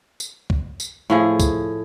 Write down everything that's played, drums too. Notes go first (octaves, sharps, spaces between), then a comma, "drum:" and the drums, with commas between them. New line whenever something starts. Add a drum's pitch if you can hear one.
drum: tambourine
drum: kick
drum: tambourine
A2 F3 G#4
drum: kick, tambourine